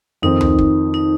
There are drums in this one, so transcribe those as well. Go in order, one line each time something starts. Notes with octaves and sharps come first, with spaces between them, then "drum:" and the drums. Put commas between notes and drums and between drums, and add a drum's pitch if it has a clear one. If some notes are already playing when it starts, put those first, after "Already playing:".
F2 D#3 C4 D#4
drum: tom C#2
drum: kick
D#4